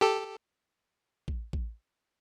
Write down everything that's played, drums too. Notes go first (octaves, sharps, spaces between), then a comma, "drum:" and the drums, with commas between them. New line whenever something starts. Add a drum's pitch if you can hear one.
G4 A4
drum: kick A1
drum: kick A1